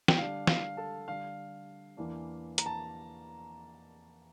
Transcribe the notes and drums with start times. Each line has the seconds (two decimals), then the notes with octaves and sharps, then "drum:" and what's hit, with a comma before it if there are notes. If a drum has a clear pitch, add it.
0.08 G5, drum: snare
0.18 D3 G3 D4 F5
0.47 F5, drum: snare
0.77 A4 A5
1.07 D3 G3 D4 F5
1.97 E2 E3 A#3 D4
2.58 A#5, drum: hi-hat
2.66 A5